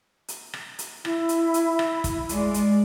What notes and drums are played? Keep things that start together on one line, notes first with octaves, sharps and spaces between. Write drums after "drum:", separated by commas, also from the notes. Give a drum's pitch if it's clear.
drum: hi-hat
drum: rim click
drum: hi-hat
E4, drum: rim click
drum: hi-hat
drum: hi-hat
drum: rim click
drum: kick, hi-hat
G#3 D5, drum: hi-hat
drum: hi-hat